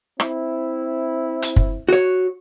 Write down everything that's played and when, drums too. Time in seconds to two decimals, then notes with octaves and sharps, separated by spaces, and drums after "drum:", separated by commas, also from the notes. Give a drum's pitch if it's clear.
0.20 C4 E4, drum: rim click
1.42 drum: hi-hat
1.56 drum: kick
1.89 F#4 C#5